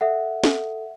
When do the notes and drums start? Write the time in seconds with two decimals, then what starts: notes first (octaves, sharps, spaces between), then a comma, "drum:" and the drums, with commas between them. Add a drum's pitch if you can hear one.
0.01 A4 E5 F#5
0.44 A4, drum: snare